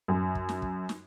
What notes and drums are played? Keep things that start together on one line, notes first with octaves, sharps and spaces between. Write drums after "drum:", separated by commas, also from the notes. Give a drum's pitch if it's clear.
F#2
drum: kick
drum: snare
drum: kick
drum: snare